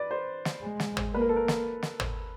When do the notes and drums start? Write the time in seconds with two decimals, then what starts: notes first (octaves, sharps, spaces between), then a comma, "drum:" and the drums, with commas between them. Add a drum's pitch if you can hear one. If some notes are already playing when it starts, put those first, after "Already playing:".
Already playing: B4 D5
0.11 C5
0.45 drum: snare
0.62 G#3
0.80 drum: snare
0.97 drum: tom G#1
1.14 A#3 B4
1.21 A#4
1.29 A4
1.36 A#4
1.48 drum: snare
1.83 drum: snare
2.00 drum: tom G#1